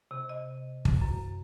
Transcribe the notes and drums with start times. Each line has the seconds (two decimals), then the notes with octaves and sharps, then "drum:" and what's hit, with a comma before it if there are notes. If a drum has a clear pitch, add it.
0.11 C3
0.29 D#5
0.85 drum: kick
1.01 F#2